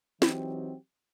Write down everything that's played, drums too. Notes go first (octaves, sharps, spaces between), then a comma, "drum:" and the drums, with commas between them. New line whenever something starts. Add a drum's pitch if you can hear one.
E3 F#3 C4 D#4 F#4 G4, drum: snare